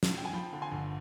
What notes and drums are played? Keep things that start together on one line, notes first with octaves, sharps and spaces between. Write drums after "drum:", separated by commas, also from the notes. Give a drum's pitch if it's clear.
drum: snare
G5
G#5
F3 G5 B5
D3
G#5 C6
G1